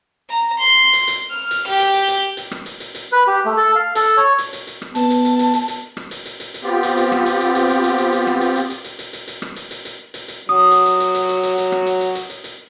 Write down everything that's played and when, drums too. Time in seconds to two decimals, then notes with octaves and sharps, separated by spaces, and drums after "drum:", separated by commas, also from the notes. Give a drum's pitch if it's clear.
0.29 A#5
0.59 C6
0.93 drum: hi-hat
1.08 drum: hi-hat
1.30 F6
1.51 drum: hi-hat
1.67 G4, drum: hi-hat
1.80 drum: hi-hat
1.94 drum: hi-hat
2.08 drum: hi-hat
2.37 drum: hi-hat
2.51 drum: rim click
2.66 drum: hi-hat
2.80 drum: hi-hat
2.95 drum: hi-hat
3.12 B4
3.27 G4
3.45 A3
3.57 A4
3.75 F5
3.95 A4, drum: hi-hat
4.17 C#5
4.38 drum: hi-hat
4.53 drum: hi-hat
4.67 drum: hi-hat
4.82 drum: rim click
4.95 B3 A5, drum: hi-hat
5.10 drum: hi-hat
5.25 drum: hi-hat
5.39 drum: hi-hat
5.54 drum: hi-hat
5.68 drum: hi-hat
5.97 drum: rim click
6.11 drum: hi-hat
6.25 drum: hi-hat
6.40 drum: hi-hat
6.54 drum: hi-hat
6.63 B3 C4 F4 G4
6.83 drum: hi-hat
6.97 drum: hi-hat
7.12 drum: rim click
7.26 drum: hi-hat
7.41 drum: hi-hat
7.55 drum: hi-hat
7.69 drum: hi-hat
7.84 drum: hi-hat
7.98 drum: hi-hat
8.12 drum: hi-hat
8.27 drum: rim click
8.41 drum: hi-hat
8.56 drum: hi-hat
8.70 drum: hi-hat
8.84 drum: hi-hat
8.99 drum: hi-hat
9.13 drum: hi-hat
9.28 drum: hi-hat
9.42 drum: rim click
9.56 drum: hi-hat
9.71 drum: hi-hat
9.85 drum: hi-hat
10.14 drum: hi-hat
10.28 drum: hi-hat
10.49 F#3 D#6
10.71 drum: hi-hat
10.86 drum: hi-hat
11.00 drum: hi-hat
11.15 drum: hi-hat
11.29 drum: hi-hat
11.43 drum: hi-hat
11.58 drum: hi-hat
11.72 drum: rim click
11.86 drum: hi-hat
12.01 drum: hi-hat
12.15 drum: hi-hat
12.30 drum: hi-hat
12.44 drum: hi-hat